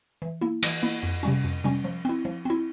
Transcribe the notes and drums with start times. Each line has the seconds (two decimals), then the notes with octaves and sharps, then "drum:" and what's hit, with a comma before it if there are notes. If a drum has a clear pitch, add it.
0.22 E3
0.41 A#3 E4
0.63 E3, drum: cymbal
0.83 A#3 E4
1.03 F2
1.23 C3 G3 C#4
1.44 F2
1.64 C3 G3 C#4
1.84 F3
2.05 C4 E4
2.25 F3
2.45 C4 E4